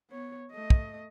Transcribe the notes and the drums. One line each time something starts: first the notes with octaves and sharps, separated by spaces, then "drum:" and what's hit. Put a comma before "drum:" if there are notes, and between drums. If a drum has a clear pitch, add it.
B3 C#5
A3 D#5
drum: kick